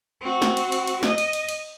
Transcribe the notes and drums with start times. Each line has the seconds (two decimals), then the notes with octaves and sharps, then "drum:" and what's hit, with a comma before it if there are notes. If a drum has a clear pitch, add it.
0.21 C4 F#4
0.42 drum: snare
0.57 drum: cymbal
0.72 drum: cymbal
0.87 drum: cymbal
1.03 D#5, drum: snare
1.18 drum: cymbal
1.33 drum: cymbal
1.49 drum: cymbal